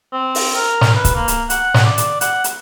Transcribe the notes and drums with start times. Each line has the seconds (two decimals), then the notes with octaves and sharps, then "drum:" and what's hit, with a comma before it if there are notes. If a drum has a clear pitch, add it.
0.12 C4
0.35 drum: open hi-hat
0.55 A#4
0.81 drum: snare
0.95 B4
1.05 drum: kick C#1, hi-hat
1.15 A#3
1.28 drum: hi-hat
1.50 F#5, drum: hi-hat
1.74 drum: snare
1.85 D5
1.98 drum: hi-hat
2.21 F#5, drum: hi-hat
2.44 drum: hi-hat